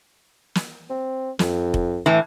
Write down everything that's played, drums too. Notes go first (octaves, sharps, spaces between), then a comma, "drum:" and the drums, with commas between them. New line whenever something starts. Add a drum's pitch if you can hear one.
drum: snare
C4
F2, drum: snare
drum: kick F1
A2 E3